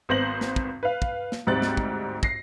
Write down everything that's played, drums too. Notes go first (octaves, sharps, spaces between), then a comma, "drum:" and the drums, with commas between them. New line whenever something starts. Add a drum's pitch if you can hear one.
G#1 B3 C5 A#6 F#7
drum: snare
drum: kick
B4 F5
drum: kick
drum: snare
D2 G#2 G3 C4 F#6 A6
drum: snare
drum: kick
A#6 C7, drum: kick